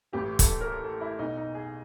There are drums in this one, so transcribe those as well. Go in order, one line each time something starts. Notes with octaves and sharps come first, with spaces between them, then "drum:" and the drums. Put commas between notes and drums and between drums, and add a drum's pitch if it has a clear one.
A1 A2 E3 G4
A4, drum: kick, hi-hat
A#4
A4
A4
E4
B1 B2 D#4
D#4
G#4